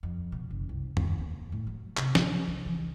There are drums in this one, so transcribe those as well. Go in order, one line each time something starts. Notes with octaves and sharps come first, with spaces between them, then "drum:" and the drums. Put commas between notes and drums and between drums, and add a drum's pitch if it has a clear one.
F2
B2
F#1
C2
D#2, drum: tom F2
A#3
A2
F#3
C3, drum: clap
F3, drum: snare
C2
E3